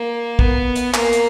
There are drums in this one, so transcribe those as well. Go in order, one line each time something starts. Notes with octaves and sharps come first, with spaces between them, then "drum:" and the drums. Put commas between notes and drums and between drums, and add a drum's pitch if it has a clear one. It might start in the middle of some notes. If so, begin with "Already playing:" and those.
Already playing: A#3
B3, drum: kick
drum: hi-hat
A#3, drum: clap
drum: hi-hat